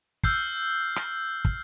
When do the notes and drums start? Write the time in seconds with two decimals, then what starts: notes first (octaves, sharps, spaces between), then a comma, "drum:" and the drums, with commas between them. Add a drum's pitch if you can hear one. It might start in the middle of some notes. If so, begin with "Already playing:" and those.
0.24 E6 F6 G6 C7, drum: kick
0.96 drum: rim click
1.45 drum: kick